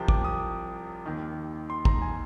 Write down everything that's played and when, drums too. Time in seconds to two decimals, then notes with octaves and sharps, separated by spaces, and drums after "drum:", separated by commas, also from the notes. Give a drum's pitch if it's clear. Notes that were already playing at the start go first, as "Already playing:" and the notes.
Already playing: C2 C3 F3 G5
0.08 D6, drum: kick
0.24 D#6
1.06 D#2 D#3
1.70 C6
1.85 A#5, drum: kick
2.02 G#5